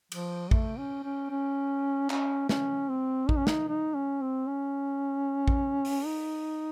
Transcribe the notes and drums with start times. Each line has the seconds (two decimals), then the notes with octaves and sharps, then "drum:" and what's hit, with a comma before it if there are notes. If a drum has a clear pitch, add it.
0.12 F3, drum: cymbal
0.51 A3, drum: kick A1
0.78 C#4
1.04 C#4
1.30 C#4
2.10 C#4, drum: clap
2.49 C#4, drum: snare
2.89 C4
3.29 D#4, drum: kick A1
3.38 C#4
3.47 D#4, drum: snare
3.68 D#4
3.94 C#4
4.21 C4
4.47 C#4
5.48 drum: kick A1
5.85 drum: open hi-hat
6.05 D#4